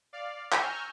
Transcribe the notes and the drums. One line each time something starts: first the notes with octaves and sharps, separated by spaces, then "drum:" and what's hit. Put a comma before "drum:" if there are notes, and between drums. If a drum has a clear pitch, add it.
D5 F5
G#5 A#5 C#6 E6 F6 G6, drum: clap